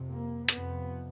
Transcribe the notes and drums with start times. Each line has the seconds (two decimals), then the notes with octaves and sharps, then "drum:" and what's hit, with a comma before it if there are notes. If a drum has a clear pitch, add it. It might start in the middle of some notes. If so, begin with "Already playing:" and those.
Already playing: F2 C3
0.10 A#3
0.49 F2 C3 B3, drum: hi-hat